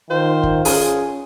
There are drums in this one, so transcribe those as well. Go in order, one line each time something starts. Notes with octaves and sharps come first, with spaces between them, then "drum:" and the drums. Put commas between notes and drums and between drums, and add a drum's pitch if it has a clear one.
D#3 F4 C5
drum: kick
C#4 G#4, drum: open hi-hat